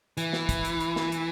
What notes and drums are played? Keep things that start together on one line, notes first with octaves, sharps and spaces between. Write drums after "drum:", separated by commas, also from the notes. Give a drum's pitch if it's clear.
E3, drum: hi-hat
drum: snare
drum: kick, hi-hat
drum: hi-hat
drum: hi-hat
drum: snare
drum: hi-hat